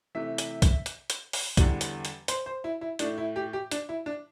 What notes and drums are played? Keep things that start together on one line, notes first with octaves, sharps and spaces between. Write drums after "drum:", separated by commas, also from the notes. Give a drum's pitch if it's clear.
C3 E3 A3 E5
drum: hi-hat
drum: kick, hi-hat
drum: hi-hat
drum: hi-hat
drum: open hi-hat
E2 D3 G3, drum: kick, hi-hat
drum: hi-hat
drum: hi-hat
C5, drum: hi-hat
C5
E4
E4
A2 A3 D4, drum: hi-hat
E4
G4
G4
D4, drum: hi-hat
E4
D4